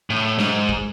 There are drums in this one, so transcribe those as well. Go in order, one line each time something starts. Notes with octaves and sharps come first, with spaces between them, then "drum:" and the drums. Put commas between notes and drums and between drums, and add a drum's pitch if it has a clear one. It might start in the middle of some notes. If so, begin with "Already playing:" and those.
A2
G#2, drum: snare
drum: kick